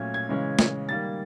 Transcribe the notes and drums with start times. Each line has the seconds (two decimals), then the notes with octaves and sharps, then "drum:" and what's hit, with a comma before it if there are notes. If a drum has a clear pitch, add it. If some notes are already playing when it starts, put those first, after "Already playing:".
Already playing: A#2 F#3 A3 C#4 G#6
0.14 G#6
0.29 C#3 E3 G#3 C#4
0.59 drum: snare
0.89 D#3 G3 A#3 A6